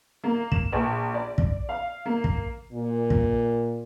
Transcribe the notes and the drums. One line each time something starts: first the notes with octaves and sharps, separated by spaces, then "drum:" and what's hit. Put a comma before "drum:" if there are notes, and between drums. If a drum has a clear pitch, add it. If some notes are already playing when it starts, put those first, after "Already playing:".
A#3
E7, drum: kick
A#1
D5
drum: kick
F5
A#3
drum: kick
A#2
drum: kick